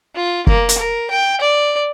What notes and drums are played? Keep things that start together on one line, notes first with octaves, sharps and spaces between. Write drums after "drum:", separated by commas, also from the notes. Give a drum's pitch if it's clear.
F4
A#3, drum: kick
drum: hi-hat
A#4
G5
D5